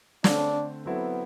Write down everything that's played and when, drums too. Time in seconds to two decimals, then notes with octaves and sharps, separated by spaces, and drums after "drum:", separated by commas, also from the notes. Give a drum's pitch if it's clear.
0.24 D3 A3 C4 D4, drum: snare
0.86 F#3 B3 C4 E4 A4